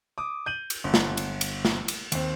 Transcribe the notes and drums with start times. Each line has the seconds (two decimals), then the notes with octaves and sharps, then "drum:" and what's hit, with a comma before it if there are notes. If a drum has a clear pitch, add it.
0.18 D6 D#6
0.46 G6 D#7 F#7
0.70 drum: cymbal
0.84 G1
0.94 drum: snare
1.17 drum: cymbal
1.41 drum: cymbal
1.65 drum: snare
1.88 drum: cymbal
2.12 D#2 C4, drum: cymbal